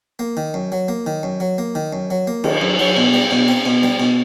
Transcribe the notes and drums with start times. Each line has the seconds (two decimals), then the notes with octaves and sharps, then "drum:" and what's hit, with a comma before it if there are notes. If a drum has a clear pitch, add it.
0.19 A#3
0.37 D#3
0.54 F#2
0.72 F#3
0.88 A#3
1.06 D#3
1.23 F#2
1.40 F#3
1.58 A#3
1.75 D#3
1.93 F#2
2.10 F#3
2.27 A#3
2.44 D#3, drum: cymbal
2.61 F#2
2.79 F#3
2.97 B2
3.14 G3
3.31 B2
3.48 C4
3.66 B2
3.83 G3
4.00 B2